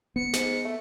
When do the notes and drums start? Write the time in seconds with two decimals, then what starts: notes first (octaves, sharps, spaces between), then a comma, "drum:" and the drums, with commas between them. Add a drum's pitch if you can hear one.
0.16 B3 C#7
0.33 G#2, drum: snare
0.65 A3